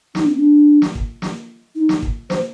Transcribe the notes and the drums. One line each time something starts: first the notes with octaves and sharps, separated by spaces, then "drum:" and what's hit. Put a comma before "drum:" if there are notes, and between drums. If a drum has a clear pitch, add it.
D#4, drum: snare
D4
C4
D4
drum: snare
drum: kick
drum: snare
D#4
drum: snare
drum: kick
C5, drum: snare